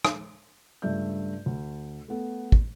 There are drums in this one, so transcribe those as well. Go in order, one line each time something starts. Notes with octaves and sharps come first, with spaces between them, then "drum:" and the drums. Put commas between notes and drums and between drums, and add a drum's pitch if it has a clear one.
drum: rim click
C#2 G2 A3 D4 E5 G6
D2
A3 B3 A4
drum: kick